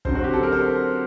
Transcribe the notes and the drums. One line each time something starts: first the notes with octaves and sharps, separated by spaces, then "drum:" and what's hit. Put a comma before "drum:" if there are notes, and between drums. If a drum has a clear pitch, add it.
D3 F#3 C4 C5, drum: kick
F#4
G4
A4
A#4
C5